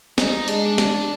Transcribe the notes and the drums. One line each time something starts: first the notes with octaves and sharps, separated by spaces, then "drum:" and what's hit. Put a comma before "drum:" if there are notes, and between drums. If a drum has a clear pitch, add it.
G3 D#4, drum: snare
G#3 D4, drum: hi-hat
drum: snare